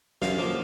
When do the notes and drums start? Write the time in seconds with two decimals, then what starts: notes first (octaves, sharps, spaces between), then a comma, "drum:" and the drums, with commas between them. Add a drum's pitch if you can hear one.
0.22 F#2 F5, drum: snare
0.39 F3 A#3